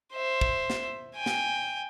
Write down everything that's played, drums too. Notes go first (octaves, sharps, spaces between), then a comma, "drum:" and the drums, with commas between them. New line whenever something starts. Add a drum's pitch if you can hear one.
C5 E5
drum: kick
drum: snare
G5 G#5
drum: snare